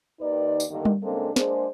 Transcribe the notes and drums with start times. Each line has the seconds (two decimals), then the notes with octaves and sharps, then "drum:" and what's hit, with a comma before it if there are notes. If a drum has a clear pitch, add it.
0.21 D#2 D#3 D#4 B4 D5
0.60 drum: tambourine
0.71 G2 D3 D#3 A#3
0.85 drum: tom G3
1.03 C#3 G#3 A#3 C4 D4 A4
1.36 G#3 A#3 D4 G#4 C5, drum: snare